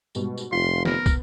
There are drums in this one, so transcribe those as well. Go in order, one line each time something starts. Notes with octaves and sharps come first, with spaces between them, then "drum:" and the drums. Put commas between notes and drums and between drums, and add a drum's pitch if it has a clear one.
G#2 B2 G3, drum: tambourine
drum: tambourine
F1 F4 C6 B6
B3 A#4, drum: snare
drum: kick, tambourine